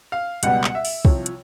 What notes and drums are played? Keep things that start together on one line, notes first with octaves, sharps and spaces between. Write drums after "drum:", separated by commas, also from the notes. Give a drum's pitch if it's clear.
F5
C#2 B2 G3 B3 F#5, drum: hi-hat
drum: clap
E5
drum: open hi-hat
C2 C3 F3 C#5, drum: kick
drum: hi-hat